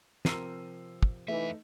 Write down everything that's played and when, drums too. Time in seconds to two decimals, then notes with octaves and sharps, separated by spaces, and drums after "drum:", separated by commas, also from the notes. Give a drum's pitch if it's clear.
0.25 C3 F3 A#4 E6 C7 D#7, drum: snare
1.03 drum: kick
1.28 F2 E3 A3 D#4 E5